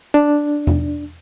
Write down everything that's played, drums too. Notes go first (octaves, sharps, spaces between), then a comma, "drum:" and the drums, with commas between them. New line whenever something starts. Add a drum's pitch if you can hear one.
D4
drum: tom E2